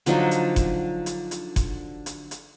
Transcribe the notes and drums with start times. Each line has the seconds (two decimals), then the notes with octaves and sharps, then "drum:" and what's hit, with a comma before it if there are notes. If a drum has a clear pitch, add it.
0.06 D3 F3 F#3 D#4, drum: hi-hat
0.31 drum: hi-hat
0.56 drum: kick F#1, hi-hat
1.06 drum: hi-hat
1.31 drum: hi-hat
1.56 drum: kick F#1, hi-hat
2.06 drum: hi-hat
2.31 drum: hi-hat